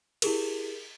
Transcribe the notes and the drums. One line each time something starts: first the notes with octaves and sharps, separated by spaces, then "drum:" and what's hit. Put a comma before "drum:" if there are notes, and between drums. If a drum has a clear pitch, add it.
E4 G4 G#4 A#4, drum: cymbal